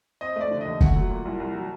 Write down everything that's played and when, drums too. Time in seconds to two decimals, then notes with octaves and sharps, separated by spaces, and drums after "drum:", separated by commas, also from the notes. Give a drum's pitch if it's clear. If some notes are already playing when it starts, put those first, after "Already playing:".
0.21 C4 D#5
0.36 A3 D5
0.51 D3
0.61 D#2 D#5
0.81 A3 F#5, drum: kick
0.96 F#3
1.10 A#2
1.25 C2
1.40 C2
1.55 F#3